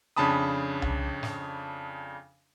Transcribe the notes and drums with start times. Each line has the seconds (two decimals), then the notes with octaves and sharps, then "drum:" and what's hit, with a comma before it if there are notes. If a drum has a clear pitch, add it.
0.16 F2 C#3 D4 A5 B5 D#6
0.82 drum: tom C2
1.23 drum: snare